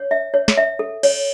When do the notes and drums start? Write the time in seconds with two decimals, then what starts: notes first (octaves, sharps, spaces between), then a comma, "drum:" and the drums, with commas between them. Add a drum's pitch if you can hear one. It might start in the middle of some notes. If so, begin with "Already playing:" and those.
Already playing: C#5
0.11 E5
0.34 C#5
0.48 drum: snare
0.58 E5
0.79 A4
1.03 C#5, drum: cymbal